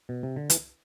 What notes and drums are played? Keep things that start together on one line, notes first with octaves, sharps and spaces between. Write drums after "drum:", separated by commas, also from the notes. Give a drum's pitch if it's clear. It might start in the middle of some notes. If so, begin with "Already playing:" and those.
B2
C3
D3
E3, drum: hi-hat